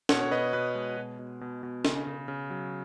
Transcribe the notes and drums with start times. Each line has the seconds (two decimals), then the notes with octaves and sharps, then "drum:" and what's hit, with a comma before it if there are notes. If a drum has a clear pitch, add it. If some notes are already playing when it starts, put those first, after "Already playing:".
0.09 B2 C#5 F#5, drum: snare
0.21 C#5
0.31 B2 B4 D#5
0.53 B2 B4
0.75 G#3
0.97 B2
1.19 B2
1.41 B2
1.63 B2
1.85 C#3, drum: snare
2.07 C#3
2.28 C#3
2.50 F#3